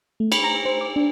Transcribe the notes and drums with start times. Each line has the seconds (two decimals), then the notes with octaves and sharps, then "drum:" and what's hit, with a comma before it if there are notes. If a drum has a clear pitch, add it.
0.20 A3
0.32 B5, drum: cymbal
0.44 A#5
0.65 C5
0.81 D6
0.96 D4